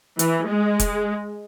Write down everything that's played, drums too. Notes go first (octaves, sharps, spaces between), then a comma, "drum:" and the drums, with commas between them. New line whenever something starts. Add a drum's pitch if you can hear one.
E3, drum: hi-hat
G#3
drum: kick F1, hi-hat